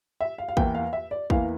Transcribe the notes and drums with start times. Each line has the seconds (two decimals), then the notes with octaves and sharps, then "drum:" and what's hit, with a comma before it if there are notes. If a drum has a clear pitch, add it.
0.21 E5
0.38 F5
0.48 F5
0.57 E2 E3 A#3 G5, drum: kick
0.75 F5
0.93 E5
1.11 D5
1.30 E2 E3 A#3 F5, drum: kick